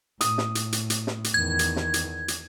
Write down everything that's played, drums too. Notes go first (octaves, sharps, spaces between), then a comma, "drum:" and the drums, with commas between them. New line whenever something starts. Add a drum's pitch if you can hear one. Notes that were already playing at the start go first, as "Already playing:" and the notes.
A2 D#6, drum: hi-hat
drum: snare
drum: hi-hat
drum: hi-hat
drum: hi-hat
drum: snare
drum: hi-hat
E2 D#3 G#6
drum: hi-hat
drum: snare
drum: hi-hat
drum: hi-hat